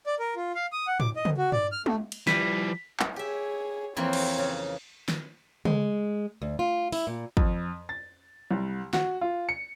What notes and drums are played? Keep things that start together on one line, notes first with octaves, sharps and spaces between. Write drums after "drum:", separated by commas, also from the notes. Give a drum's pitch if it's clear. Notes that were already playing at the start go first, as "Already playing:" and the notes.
D5
A#4
F4
F5
D#6
F#5
D6, drum: tom G#2
D#5
drum: tom C#3
F#4
D5, drum: tom G2
F6
A3, drum: tom G#3
drum: cymbal
F3 G3 E4 B4 B6, drum: snare
drum: clap
G4 G#4 C#5 E5
F2 E3 A#3 C4 C#5
drum: cymbal
C#3
drum: snare
G#3, drum: tom C#3
D2
F4
E4, drum: open hi-hat
A#2
F2, drum: kick
A6
C2
F#4, drum: snare
F4
C#7